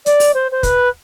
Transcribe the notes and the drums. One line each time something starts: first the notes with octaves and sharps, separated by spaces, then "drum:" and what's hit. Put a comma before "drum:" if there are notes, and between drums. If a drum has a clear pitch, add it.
D5, drum: hi-hat
drum: open hi-hat
C5
C5
B4, drum: kick, hi-hat